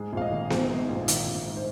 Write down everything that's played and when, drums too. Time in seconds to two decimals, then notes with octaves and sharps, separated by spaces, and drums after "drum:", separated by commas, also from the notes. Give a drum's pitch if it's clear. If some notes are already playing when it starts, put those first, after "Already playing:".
Already playing: G#2 G#4
0.13 A#1 F5
0.21 D#5
0.31 D#3
0.50 A#1 C5, drum: snare B3
0.70 G#2
0.89 A#1
1.08 D#3, drum: hi-hat
1.27 A#1
1.45 G#2
1.56 C5